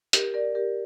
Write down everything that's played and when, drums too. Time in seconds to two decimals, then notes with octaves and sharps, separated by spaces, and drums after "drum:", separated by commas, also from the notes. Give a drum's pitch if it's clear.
0.13 G4 A#4, drum: hi-hat
0.34 A#4 D5
0.55 G4 A#4